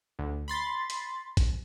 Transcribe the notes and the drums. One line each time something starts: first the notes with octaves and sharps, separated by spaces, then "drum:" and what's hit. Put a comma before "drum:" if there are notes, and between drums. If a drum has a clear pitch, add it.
D2
B5 C6 A6
drum: hi-hat
drum: kick A1, hi-hat